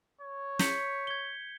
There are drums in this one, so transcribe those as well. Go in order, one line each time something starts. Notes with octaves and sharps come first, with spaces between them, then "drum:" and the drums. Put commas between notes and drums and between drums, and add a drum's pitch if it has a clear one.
C#5
G6 B6 C#7, drum: snare
G#6 G7